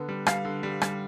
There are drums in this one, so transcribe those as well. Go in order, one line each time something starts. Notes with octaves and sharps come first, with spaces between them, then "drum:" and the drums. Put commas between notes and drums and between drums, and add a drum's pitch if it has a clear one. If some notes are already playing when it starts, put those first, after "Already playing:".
Already playing: D3 B3
G3
G3 F5, drum: rim click
D3
G3
G3, drum: rim click